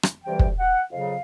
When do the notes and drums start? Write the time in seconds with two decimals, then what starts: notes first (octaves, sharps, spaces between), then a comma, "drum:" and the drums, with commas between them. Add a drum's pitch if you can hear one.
0.03 drum: rim click
0.24 D2 C3 E3 G3 G5
0.39 drum: kick
0.59 F#5
0.91 F2 C#3 F#3 F5